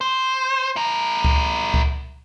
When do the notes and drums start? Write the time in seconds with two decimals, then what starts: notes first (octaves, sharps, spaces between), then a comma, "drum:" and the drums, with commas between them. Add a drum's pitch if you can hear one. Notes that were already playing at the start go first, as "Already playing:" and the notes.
0.01 C5
0.76 E4 A#4
1.25 drum: kick C#2
1.74 drum: kick C#2